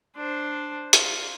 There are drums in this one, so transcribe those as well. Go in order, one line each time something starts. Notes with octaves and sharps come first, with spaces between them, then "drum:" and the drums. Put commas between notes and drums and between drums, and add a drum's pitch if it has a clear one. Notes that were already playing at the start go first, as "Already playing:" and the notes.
D4 C5
F4, drum: hi-hat